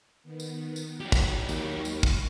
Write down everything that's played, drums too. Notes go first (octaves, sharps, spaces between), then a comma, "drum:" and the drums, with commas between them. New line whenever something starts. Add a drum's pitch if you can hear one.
D#3 B3
drum: tambourine
drum: tambourine
F#3 G4
drum: kick, tambourine
D#2 A#4 B5 C#6, drum: tambourine
drum: tambourine
drum: kick